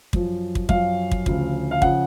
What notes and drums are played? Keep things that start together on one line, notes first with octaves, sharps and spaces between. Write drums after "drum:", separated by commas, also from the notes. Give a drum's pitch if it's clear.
F#2 F3, drum: kick
drum: kick
F#2 F3 F5, drum: kick
drum: kick
D2 C#3 F3, drum: kick
F5
C#3 F3 F#5, drum: kick